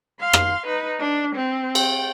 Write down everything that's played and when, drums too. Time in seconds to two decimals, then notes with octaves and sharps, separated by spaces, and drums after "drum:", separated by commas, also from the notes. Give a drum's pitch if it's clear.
0.20 F5 C6
0.33 drum: rim click
0.66 D#4 B4
1.00 D4
1.36 C4
1.75 G5, drum: cymbal